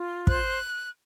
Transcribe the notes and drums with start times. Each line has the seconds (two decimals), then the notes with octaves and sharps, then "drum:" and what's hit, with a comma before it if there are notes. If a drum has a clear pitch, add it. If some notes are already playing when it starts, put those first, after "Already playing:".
Already playing: F4
0.27 C5 F#6, drum: kick